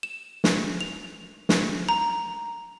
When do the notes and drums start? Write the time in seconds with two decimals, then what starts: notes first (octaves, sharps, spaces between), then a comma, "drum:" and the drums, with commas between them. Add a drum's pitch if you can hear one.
0.03 E7
0.44 drum: snare
0.81 F7
1.49 drum: snare
1.89 A#5